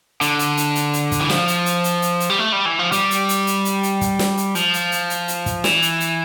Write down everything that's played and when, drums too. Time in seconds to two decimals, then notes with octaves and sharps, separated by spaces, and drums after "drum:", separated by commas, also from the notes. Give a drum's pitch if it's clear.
0.21 D3, drum: hi-hat
0.39 drum: hi-hat
0.57 drum: hi-hat
0.75 drum: hi-hat
0.93 drum: hi-hat
1.12 drum: kick, hi-hat
1.21 E3
1.29 F3, drum: snare
1.48 drum: hi-hat
1.66 drum: hi-hat
1.84 drum: hi-hat
2.02 drum: hi-hat
2.20 drum: hi-hat
2.30 G3
2.39 A3
2.52 G3
2.66 E3
2.79 F3
2.92 G3, drum: hi-hat
3.11 drum: hi-hat
3.29 drum: hi-hat
3.47 drum: hi-hat
3.65 drum: hi-hat
3.83 drum: hi-hat
4.01 drum: kick, hi-hat
4.19 drum: snare
4.37 drum: hi-hat
4.55 F3, drum: hi-hat
4.74 drum: hi-hat
4.92 drum: hi-hat
5.10 drum: hi-hat
5.28 drum: hi-hat
5.46 drum: kick, hi-hat
5.64 E3, drum: snare
5.82 drum: hi-hat
6.00 drum: hi-hat